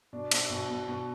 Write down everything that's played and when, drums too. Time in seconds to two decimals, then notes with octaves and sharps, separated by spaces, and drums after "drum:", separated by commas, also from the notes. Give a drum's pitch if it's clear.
0.13 B2 D4
0.31 B2, drum: cymbal
0.50 B2
0.69 B2
0.88 B2